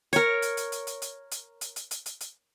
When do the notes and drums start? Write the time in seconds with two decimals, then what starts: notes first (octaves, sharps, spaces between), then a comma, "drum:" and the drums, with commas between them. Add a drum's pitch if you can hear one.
0.13 A#4 C#5, drum: hi-hat
0.42 drum: hi-hat
0.57 drum: hi-hat
0.72 drum: hi-hat
0.87 drum: hi-hat
1.02 drum: hi-hat
1.32 drum: hi-hat
1.61 drum: hi-hat
1.76 drum: hi-hat
1.91 drum: hi-hat
2.06 drum: hi-hat
2.21 drum: hi-hat